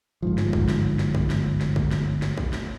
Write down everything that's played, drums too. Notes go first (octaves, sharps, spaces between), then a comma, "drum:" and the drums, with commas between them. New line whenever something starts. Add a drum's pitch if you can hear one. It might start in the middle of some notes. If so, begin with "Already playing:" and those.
G1 G#2 F3
drum: snare
drum: kick B1
drum: snare
drum: snare
drum: kick B1
drum: snare
drum: snare
drum: kick B1
drum: snare
drum: snare
drum: kick B1
drum: snare